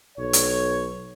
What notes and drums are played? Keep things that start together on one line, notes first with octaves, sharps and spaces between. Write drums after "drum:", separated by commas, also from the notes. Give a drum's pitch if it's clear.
B1 C#5
drum: hi-hat